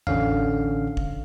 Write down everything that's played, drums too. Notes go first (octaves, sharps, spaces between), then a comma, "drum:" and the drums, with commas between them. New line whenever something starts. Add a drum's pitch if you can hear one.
A1 D3 C#4 F5, drum: tom E2
drum: kick